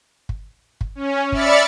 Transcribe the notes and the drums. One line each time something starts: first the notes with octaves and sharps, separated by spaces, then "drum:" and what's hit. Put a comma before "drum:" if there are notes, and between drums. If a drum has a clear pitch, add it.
drum: kick
drum: kick
C#4
D5 E5 B5 F6 A6 C#7, drum: kick